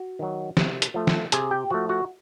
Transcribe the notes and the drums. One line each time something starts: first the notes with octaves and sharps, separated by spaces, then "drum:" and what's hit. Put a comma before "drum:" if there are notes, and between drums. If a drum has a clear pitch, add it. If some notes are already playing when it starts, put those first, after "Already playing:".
Already playing: F#4
D#3 F#3
C3, drum: snare
drum: hi-hat
F3 A3
drum: snare
C3 G#4 G#5, drum: hi-hat
G4 G5
F3 A3 F#4 F#5
F#4 F#5